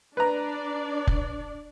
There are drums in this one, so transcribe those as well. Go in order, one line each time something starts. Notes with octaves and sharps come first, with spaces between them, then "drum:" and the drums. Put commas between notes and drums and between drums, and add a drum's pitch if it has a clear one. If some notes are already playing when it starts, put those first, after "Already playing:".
D4 B4 D5 A#5
drum: kick F1